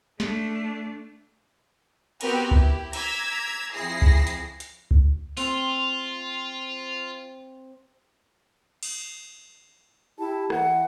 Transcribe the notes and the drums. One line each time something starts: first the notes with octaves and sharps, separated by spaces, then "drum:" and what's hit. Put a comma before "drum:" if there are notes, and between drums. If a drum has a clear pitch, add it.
A3 D4, drum: snare
B3 C4 F#4 G4 A#4 B4, drum: cymbal
E4 G4, drum: kick C#2
A#5 D6 E6 G#6 B6, drum: cymbal
F2 F3 E4 G#4 A#6 C7
drum: kick C#2
drum: hi-hat
drum: hi-hat
drum: kick C#2
C4 F4, drum: open hi-hat
drum: cymbal
E4 G4 A5
E3 F#5, drum: rim click